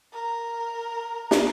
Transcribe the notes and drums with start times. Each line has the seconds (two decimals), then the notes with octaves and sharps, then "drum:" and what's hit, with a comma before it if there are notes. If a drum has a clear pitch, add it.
0.12 A#4
1.31 drum: snare